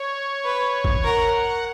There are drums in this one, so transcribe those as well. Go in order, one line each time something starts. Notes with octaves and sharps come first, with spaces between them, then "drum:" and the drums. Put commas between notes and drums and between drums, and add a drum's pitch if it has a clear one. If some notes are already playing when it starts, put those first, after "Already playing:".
Already playing: C#5
B4
drum: kick
A#4 F#5
F#5